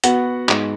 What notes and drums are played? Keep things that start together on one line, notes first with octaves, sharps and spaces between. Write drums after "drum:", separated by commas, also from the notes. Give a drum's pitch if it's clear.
B3 F#4 F#5, drum: hi-hat
G#2, drum: clap